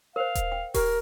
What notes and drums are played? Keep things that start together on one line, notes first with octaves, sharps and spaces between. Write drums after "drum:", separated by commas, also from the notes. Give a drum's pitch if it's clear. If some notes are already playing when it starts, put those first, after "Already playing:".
A#4 C5 F5
drum: kick D#1, hi-hat
G5
G4 A#4, drum: kick D#1, open hi-hat